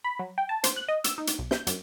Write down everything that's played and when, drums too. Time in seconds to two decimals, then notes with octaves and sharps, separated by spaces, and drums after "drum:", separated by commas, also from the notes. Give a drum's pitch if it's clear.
0.04 B5
0.19 F#3
0.38 G5
0.49 A5
0.64 C5, drum: hi-hat
0.76 F#6
0.88 D#5
1.04 E6, drum: hi-hat
1.18 D#4
1.27 drum: hi-hat
1.39 B1
1.51 G6, drum: snare
1.67 F#2, drum: hi-hat